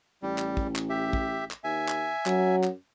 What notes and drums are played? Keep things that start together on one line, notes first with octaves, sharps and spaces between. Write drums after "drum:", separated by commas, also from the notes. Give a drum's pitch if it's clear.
A1 G3
drum: clap
drum: kick
drum: clap
G4 E5
drum: kick
drum: clap
D#2 E5 G#5
drum: clap
F#2 F#3, drum: clap
drum: clap